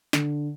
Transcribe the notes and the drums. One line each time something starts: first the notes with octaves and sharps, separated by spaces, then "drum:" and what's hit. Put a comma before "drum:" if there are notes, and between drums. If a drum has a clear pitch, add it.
D3, drum: snare